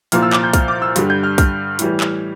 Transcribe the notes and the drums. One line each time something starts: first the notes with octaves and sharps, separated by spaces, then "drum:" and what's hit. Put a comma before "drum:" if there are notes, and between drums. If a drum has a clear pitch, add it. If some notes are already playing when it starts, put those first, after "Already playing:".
C2 A#2 F3 F6, drum: hi-hat
E6
D6, drum: clap
G6
F6, drum: kick, hi-hat
D6
E6
G2 D3 G3, drum: hi-hat
G6
F6
F6, drum: kick, hi-hat
A2 E3 G3, drum: hi-hat
drum: clap